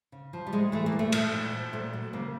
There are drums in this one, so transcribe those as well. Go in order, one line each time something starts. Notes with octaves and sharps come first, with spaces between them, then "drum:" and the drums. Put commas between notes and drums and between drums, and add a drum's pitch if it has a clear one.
C#3
F3
G3
A2 G#3
E3 A3
A#3
A#2
A3
F3, drum: cymbal
A#2
F3
A#2 A3
F#3
C#3 A#3